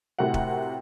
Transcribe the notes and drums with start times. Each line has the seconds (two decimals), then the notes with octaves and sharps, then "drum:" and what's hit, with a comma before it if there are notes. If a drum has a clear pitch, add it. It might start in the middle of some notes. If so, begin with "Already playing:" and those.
0.19 A2 C3 F#4 A#4 F#5
0.34 drum: kick